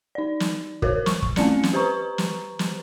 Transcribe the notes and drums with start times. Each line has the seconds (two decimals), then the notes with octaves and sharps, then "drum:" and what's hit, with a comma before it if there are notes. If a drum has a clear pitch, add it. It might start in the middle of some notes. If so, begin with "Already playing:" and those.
0.15 D#4 D5
0.40 drum: snare
0.82 F#4 A#4 C5 C#5, drum: kick
1.06 C#6, drum: snare
1.22 drum: kick
1.36 A3 C4 C#4 D5 C#7, drum: snare
1.63 drum: snare
1.73 G4 B4 C5 A#5 C#6
2.18 drum: snare
2.59 drum: snare